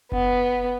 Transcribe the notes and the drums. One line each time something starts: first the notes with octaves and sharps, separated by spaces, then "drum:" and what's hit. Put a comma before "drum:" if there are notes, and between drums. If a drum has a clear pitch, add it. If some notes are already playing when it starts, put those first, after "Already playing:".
B3, drum: kick F#1